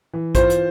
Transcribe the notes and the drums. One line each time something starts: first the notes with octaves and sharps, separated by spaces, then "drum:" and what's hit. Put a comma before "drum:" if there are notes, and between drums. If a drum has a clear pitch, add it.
E3
F4 C5, drum: kick A#1, hi-hat
drum: hi-hat